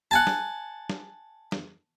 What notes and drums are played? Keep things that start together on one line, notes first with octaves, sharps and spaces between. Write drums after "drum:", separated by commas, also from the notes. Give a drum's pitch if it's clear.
F#5 G#5 A5
drum: snare
drum: snare
drum: snare